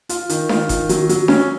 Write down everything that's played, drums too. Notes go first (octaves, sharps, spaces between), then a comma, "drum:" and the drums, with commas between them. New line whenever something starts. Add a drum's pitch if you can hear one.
F4, drum: hi-hat
D#3, drum: hi-hat
F4, drum: snare D4
D#3, drum: kick F#1, hi-hat
F#3, drum: hi-hat
F#3, drum: hi-hat
C#4, drum: snare D4